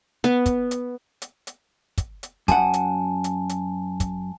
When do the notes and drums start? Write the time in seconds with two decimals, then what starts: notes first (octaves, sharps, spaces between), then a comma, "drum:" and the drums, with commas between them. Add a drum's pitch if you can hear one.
0.24 B3
0.46 drum: kick, hi-hat
0.71 drum: hi-hat
1.22 drum: hi-hat
1.47 drum: hi-hat
1.98 drum: kick, hi-hat
2.23 drum: hi-hat
2.48 F#2 F#5 G#5 A5, drum: kick, hi-hat
2.73 drum: hi-hat
3.24 drum: hi-hat
3.49 drum: hi-hat
4.00 drum: kick, hi-hat